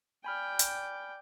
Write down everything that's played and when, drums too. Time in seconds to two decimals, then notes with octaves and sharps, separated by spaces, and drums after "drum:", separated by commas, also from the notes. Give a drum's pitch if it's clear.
0.25 D5 G5 G#5 B5 F6
0.59 drum: hi-hat